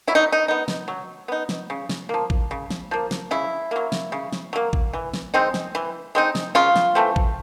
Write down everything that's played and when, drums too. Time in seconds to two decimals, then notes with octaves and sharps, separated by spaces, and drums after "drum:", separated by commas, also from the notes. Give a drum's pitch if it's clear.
0.07 F#3 E4
0.15 D#4
0.32 D#4
0.48 B3 D#4
0.68 drum: snare
0.88 F#3
1.28 B3 D#4
1.49 drum: snare
1.70 C#3
1.89 drum: snare
2.09 F3 A#3
2.30 drum: kick
2.51 C#3
2.70 drum: snare
2.91 F3 A#3
3.11 drum: snare
3.31 C#3 E4
3.71 F#3 A#3
3.92 drum: snare
4.12 C#3
4.33 drum: snare
4.53 F#3 A#3
4.73 drum: kick
4.93 E3
5.14 drum: snare
5.34 G#3 C4 D#4
5.54 drum: snare
5.75 E3
6.15 G#3 C4 D#4
6.35 drum: snare
6.55 C#3 F4
6.76 drum: snare
6.95 E3 A3 C4
7.16 drum: kick